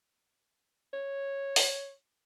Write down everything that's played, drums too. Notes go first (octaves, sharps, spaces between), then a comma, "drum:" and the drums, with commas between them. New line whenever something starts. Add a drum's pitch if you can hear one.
C#5
drum: open hi-hat